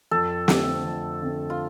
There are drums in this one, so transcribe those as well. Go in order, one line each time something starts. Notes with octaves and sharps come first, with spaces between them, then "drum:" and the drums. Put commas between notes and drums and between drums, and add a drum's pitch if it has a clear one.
F2 A4
D3 A3 C4, drum: snare
F2
D3 A3 C4
F4